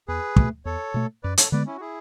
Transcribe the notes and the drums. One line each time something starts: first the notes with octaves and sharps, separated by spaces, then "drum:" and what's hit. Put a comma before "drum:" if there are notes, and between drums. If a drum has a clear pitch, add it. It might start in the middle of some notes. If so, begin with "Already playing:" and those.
E2 G#4 B4
B2 A3, drum: kick
E2 A4 C#5
B2 A3
F#2 B4 D5
A4 C#5, drum: hi-hat
D3 G#3 B3 B4 D5
C#4 E4
F#4
E4 G#4